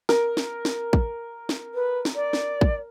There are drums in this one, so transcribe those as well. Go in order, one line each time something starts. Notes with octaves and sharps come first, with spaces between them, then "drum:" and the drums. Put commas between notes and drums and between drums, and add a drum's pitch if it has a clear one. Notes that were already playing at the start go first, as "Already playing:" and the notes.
A#4, drum: snare
drum: snare
drum: snare
drum: kick
drum: snare
B4
drum: snare
D5
drum: snare
drum: kick